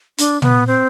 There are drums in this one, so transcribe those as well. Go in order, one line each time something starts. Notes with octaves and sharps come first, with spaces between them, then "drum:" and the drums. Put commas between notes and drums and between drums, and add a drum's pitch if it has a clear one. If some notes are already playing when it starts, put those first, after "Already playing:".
D4, drum: hi-hat
B3, drum: tom
C4